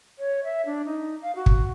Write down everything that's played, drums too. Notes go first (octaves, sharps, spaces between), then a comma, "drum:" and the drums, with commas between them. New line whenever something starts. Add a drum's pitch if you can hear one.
C#5
E5
D4
D#4
F5
F#4
drum: kick